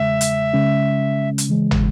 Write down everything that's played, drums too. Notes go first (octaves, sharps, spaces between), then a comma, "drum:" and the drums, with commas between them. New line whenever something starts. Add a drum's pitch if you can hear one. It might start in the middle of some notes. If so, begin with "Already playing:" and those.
Already playing: E2 C#3 G#3 E5
drum: hi-hat
C#3 G#3 C#4
drum: hi-hat
C#3 E3 G#3
drum: tom